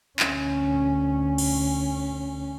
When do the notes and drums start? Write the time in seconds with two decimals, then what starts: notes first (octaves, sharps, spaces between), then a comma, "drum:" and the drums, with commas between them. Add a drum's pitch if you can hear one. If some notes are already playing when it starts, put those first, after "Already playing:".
0.19 D2 C#4, drum: clap
1.38 drum: cymbal